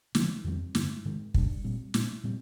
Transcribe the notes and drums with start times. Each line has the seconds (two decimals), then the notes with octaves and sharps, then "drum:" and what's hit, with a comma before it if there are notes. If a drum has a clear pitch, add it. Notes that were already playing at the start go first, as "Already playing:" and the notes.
0.15 D3 F3 A#3, drum: snare
0.44 F2 D#3 G3 C4
0.75 G2 D3 G#3, drum: snare
1.05 G#2 D#3 G#3
1.34 A#2 G3 A#3 D4, drum: kick
1.64 A#2 G3 C4
1.94 A#2 G#3 D4, drum: snare
2.24 A#2 G3 C4